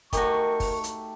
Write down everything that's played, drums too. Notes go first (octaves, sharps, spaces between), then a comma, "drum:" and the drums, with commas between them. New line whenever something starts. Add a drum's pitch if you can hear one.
A3 D#4 F#4 G4 A#4 C#6, drum: kick, hi-hat
drum: kick, open hi-hat
drum: hi-hat